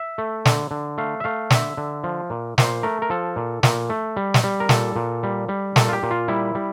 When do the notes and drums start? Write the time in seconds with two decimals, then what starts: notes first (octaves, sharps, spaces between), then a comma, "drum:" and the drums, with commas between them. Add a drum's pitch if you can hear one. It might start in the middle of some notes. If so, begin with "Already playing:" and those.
Already playing: E5
0.18 A3
0.45 D3, drum: snare
0.71 D3
0.98 A3 F5
1.20 E5
1.24 A3 F5
1.50 D3 E5, drum: snare
1.77 D3
2.04 F3
2.30 A#2
2.58 A#2 C5, drum: snare
2.83 A3 A#4
3.02 A#4
3.10 F3 A4
3.36 A#2
3.63 A#2, drum: snare
3.90 A3
4.17 G3
4.34 drum: snare
4.44 G3
4.60 A#4
4.69 A#2 A4, drum: snare
4.96 A#2
5.23 G3
5.49 G3
5.76 A#2 A4, drum: snare
5.89 F4
5.93 G4
6.03 A#2
6.11 F4
6.28 G3 E4
6.55 G3